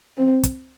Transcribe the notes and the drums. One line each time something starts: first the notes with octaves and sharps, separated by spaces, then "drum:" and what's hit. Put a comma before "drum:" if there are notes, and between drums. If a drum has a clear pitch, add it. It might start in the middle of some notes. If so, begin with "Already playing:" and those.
C4
drum: kick, hi-hat